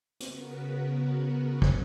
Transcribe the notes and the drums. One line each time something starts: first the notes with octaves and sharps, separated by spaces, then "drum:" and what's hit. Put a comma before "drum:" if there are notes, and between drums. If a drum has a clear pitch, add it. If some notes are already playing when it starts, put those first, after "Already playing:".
C#3 B3 F#4 A#4 B4, drum: hi-hat
drum: kick